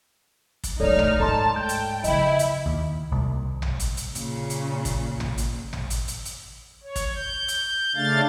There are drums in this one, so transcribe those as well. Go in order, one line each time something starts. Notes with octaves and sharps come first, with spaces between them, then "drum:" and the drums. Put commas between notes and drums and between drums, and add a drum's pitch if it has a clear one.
drum: kick, hi-hat
D1 A3 D#4 A4 C#5 D5 F6
drum: tom
G#2 A4 A5 A#5 C6
G5 G6
drum: hi-hat
C#3 F3 E4 D#5 B5, drum: hi-hat
drum: hi-hat
D#2
C2
drum: tom
drum: hi-hat
drum: hi-hat
A#2 C#3, drum: hi-hat
drum: hi-hat
drum: kick, hi-hat
drum: tom
drum: hi-hat
drum: tom
drum: hi-hat
drum: hi-hat
drum: hi-hat
C#5
drum: kick, hi-hat
G6
drum: hi-hat
C#3 A3 D4 F5 A6